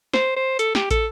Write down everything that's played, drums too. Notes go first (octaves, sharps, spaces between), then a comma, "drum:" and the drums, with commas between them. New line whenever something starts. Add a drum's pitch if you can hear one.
C5, drum: snare
C5
A4, drum: hi-hat
G4, drum: snare
A4, drum: kick, hi-hat